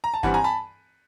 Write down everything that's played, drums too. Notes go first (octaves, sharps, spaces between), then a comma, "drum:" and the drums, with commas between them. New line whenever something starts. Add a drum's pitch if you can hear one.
A#5
A5
G2 E3 G3 C4 F#5 G#5, drum: kick F#1
G#5 A#5
A5 B5